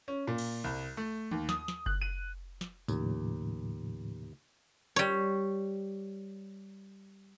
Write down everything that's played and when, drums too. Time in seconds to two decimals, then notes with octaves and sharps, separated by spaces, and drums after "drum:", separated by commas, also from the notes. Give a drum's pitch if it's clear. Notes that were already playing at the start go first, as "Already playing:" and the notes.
0.08 C#4
0.27 A#2
0.38 drum: cymbal
0.64 C2
0.97 A3
1.31 D#2, drum: tom D#3
1.49 D#6, drum: snare
1.68 drum: snare
1.86 F#6, drum: kick F#1
2.01 D#7
2.61 drum: snare
2.88 D#2 A2 C#3 F3, drum: tambourine
4.96 G3 C#5